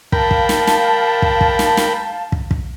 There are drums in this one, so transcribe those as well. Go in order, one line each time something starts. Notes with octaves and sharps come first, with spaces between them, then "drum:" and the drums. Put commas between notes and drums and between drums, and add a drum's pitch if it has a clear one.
A#4 F5 G5 A5 B5, drum: kick
drum: kick
drum: snare
drum: snare
drum: kick
drum: kick
drum: snare
drum: snare
drum: kick
drum: kick